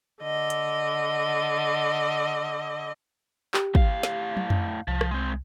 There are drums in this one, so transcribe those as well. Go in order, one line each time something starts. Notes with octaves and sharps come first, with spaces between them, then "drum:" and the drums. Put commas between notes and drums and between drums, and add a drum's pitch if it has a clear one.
D3 D#5
drum: hi-hat
G4, drum: clap
A2 F5, drum: kick
drum: snare
drum: tom
drum: tom F2
C2 F3
drum: rim click
G#3 C4